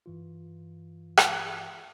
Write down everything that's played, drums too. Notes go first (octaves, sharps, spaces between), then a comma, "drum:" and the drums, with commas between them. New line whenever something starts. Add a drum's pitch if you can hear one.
G2 E3 F4
drum: rim click